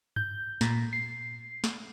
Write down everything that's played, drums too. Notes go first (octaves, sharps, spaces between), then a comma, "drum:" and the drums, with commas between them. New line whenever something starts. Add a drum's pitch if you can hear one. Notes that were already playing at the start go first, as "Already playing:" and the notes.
G6, drum: tom G2
A#2, drum: snare
C7
drum: snare